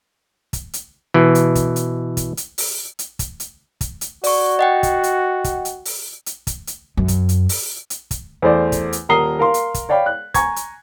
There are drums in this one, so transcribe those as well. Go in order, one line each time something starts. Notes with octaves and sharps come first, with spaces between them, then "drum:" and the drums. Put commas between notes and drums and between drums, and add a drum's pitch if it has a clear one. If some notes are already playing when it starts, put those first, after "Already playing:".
drum: kick, hi-hat
drum: hi-hat
B2 E3
drum: hi-hat
drum: kick, hi-hat
drum: hi-hat
drum: kick, hi-hat
drum: hi-hat
drum: open hi-hat
drum: hi-hat
drum: kick, hi-hat
drum: hi-hat
drum: kick, hi-hat
drum: hi-hat
F#4 D5 C#6, drum: open hi-hat
D#5 F#5 G5
drum: kick, hi-hat
drum: hi-hat
drum: kick, hi-hat
drum: hi-hat
drum: open hi-hat
drum: hi-hat
drum: kick, hi-hat
drum: hi-hat
F#2
drum: kick, hi-hat
drum: hi-hat
drum: open hi-hat
drum: hi-hat
drum: kick, hi-hat
E2 A3 C5 D5
drum: kick, hi-hat
drum: hi-hat
D#1 A#4 A#5 D#6 C7 G7
A#4 F5 C6
drum: hi-hat
drum: kick, hi-hat
C#5 D5 F5 G5 B5
F#6
G#5 A#5 C#6 G#6, drum: kick, hi-hat
drum: hi-hat